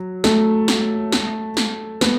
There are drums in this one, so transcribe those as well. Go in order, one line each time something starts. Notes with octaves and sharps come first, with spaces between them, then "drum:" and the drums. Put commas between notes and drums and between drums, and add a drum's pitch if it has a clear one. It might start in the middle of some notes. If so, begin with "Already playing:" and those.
Already playing: F#3
A3, drum: snare
drum: snare
drum: snare
drum: snare
B3, drum: snare